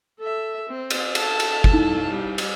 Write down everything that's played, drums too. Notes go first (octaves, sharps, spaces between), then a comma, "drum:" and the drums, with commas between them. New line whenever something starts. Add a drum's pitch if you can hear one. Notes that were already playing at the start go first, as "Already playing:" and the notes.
A4 E5
C4
drum: cymbal
A4 A5, drum: cymbal
drum: cymbal
drum: kick G1
D#4 E4
G3
drum: cymbal